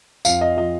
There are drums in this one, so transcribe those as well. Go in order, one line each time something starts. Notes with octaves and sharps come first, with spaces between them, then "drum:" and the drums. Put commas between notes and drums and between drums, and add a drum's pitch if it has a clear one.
F2 F5, drum: tambourine
D#5
F3 D#5